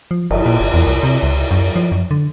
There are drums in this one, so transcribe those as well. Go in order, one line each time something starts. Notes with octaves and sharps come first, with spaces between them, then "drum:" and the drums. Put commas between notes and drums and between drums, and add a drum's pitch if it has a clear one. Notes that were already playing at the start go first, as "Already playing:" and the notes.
F3
G1, drum: cymbal
A#2
G1
E2
C2
C3
C#2
F#2
F3
F#2
D3